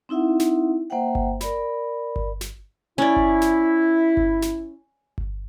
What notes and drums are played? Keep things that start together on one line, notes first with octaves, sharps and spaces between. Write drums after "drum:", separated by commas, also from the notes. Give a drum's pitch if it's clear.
C4 D#4 E4 E5 F#5
drum: snare
A#3 C5 E5 F#5 G5
drum: kick G1
A#4 D5 B5, drum: snare
drum: kick G1
drum: snare
C#4 E4 D5
drum: kick G1
drum: snare
drum: kick G1
drum: snare
drum: kick G1